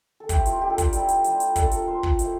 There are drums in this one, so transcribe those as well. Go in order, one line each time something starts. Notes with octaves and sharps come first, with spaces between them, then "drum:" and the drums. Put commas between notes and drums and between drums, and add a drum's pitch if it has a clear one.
A4
A3 C4 E4 G4, drum: kick, hi-hat
F4, drum: hi-hat
A#3 D4 F4 G4
A4
G4, drum: kick, hi-hat
G3 C4 E4, drum: hi-hat
drum: hi-hat
G3 D4 F4, drum: hi-hat
drum: hi-hat
A3 D4 F4 A4, drum: kick, hi-hat
A#4, drum: hi-hat
A#3 F4 C5
drum: kick
F3 A3 E4, drum: hi-hat